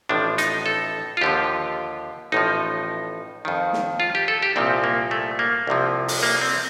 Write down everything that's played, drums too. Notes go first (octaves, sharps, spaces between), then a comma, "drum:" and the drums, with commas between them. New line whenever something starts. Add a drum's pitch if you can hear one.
A1 A2 F3 D4
D#4, drum: hi-hat
A4
F4
D#2 D3 F3 G4
A1 A2 F3 D#4
F2 D#3
drum: snare
F4
G4
A4
G4
C2 A#2 F3 C4
A#3
A3
A#3
C2 C3 F3
drum: open hi-hat
A#3
C4